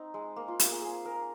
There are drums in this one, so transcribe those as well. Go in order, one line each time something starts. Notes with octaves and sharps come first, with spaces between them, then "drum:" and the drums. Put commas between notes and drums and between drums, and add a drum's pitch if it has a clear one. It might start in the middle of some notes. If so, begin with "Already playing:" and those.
Already playing: C4 D#4
G#3
A#3
F4
A#3, drum: hi-hat
G#4
G#4
A#4